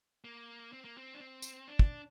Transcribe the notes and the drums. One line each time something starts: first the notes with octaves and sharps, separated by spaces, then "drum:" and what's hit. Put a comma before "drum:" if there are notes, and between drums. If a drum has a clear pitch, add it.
A#3
C4
A#3
C4
D4
C4
drum: tambourine
D4
drum: kick